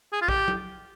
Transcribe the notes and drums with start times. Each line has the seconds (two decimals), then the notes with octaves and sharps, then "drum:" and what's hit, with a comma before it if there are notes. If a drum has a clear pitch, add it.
0.13 G#4
0.22 F4
0.28 G4, drum: kick A#1
0.48 drum: tom F#3